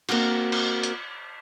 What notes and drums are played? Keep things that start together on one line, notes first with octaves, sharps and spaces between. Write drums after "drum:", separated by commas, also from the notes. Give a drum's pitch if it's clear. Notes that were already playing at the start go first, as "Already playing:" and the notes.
A#3 C4 D4 F#4, drum: cymbal
drum: cymbal
drum: hi-hat